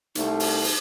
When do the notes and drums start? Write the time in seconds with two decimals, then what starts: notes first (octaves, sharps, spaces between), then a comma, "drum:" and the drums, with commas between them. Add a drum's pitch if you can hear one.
0.15 C2 A3 D#4, drum: hi-hat
0.40 drum: open hi-hat
0.64 drum: open hi-hat